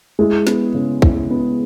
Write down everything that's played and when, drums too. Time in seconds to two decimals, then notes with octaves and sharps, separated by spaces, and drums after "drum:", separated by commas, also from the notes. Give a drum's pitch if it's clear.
0.19 G#3 E4
0.47 B3, drum: snare
0.74 C#3
1.02 E4, drum: kick
1.30 B3